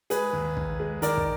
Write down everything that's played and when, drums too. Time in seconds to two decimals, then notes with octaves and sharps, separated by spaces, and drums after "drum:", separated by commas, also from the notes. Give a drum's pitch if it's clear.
0.10 G#3 G#4 B4, drum: hi-hat
0.33 D#2
0.57 D#2, drum: kick
0.79 G#3
1.02 D#3 A#4 D5, drum: hi-hat
1.17 drum: kick